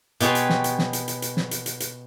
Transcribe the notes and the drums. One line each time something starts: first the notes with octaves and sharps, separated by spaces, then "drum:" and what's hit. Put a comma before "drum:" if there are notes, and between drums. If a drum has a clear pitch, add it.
B2 B3 G4 G#4 C#5 C6, drum: hi-hat
drum: hi-hat
drum: snare
drum: hi-hat
drum: snare
drum: hi-hat
drum: hi-hat
drum: hi-hat
drum: snare
drum: hi-hat
drum: hi-hat
drum: hi-hat